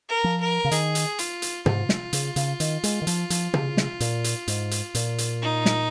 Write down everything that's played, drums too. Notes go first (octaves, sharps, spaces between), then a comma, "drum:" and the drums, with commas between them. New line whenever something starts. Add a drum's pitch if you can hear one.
A#4
F3
A#4
C#3
D#3 G#4, drum: hi-hat
drum: hi-hat
F4, drum: hi-hat
drum: hi-hat
G#2 F4, drum: tom
drum: snare
C#3, drum: hi-hat
C#3, drum: hi-hat
D#3, drum: hi-hat
G#3, drum: hi-hat
D#3
F3, drum: hi-hat
F3, drum: hi-hat
C#3, drum: tom
drum: snare
A#2, drum: hi-hat
drum: hi-hat
G#2, drum: hi-hat
drum: hi-hat
A#2, drum: hi-hat
drum: hi-hat
D#4
drum: snare